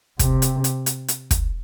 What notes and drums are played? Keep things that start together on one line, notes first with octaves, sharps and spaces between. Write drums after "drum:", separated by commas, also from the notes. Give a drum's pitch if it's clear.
C3, drum: kick, hi-hat
drum: hi-hat
drum: hi-hat
drum: hi-hat
drum: hi-hat
drum: kick, hi-hat